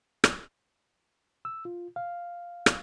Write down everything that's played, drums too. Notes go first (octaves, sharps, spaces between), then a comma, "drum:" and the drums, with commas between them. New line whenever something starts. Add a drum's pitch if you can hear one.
drum: rim click
E6
F4
F5
drum: rim click